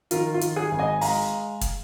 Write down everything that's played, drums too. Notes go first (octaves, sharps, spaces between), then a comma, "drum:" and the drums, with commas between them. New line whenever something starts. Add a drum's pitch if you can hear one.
D#3 F4 A#4, drum: hi-hat
F4
D#3, drum: hi-hat
G#4
G#1
D#5 G#5
G#3 F5 A#5, drum: open hi-hat
drum: kick, hi-hat